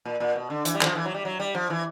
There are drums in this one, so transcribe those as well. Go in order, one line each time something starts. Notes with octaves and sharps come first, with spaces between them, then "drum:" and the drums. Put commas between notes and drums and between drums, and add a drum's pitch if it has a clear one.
A#2
A#2
B2
D3
E3, drum: hi-hat
G3
E3, drum: clap
F3
E3
F#3
G3
F#3
G3
F3
E3